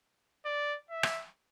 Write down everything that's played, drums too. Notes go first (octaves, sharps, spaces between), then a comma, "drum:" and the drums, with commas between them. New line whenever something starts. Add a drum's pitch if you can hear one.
D5
E5
drum: rim click